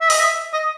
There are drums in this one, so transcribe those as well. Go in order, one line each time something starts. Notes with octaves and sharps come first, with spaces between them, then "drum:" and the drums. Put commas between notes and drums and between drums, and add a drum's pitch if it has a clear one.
E5
D#5, drum: open hi-hat
E5
D#5